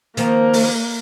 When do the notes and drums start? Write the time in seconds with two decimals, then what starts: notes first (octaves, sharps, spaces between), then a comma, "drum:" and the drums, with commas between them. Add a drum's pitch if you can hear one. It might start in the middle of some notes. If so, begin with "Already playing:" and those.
0.17 D#3 F3 A#3 C4, drum: hi-hat
0.53 drum: open hi-hat